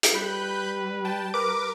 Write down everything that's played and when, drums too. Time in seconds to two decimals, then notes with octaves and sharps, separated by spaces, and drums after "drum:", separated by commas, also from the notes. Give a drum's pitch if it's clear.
0.03 drum: hi-hat
0.14 G3 B4 B5 F#6 G6
1.05 G5 A5
1.34 A#4 B4 D6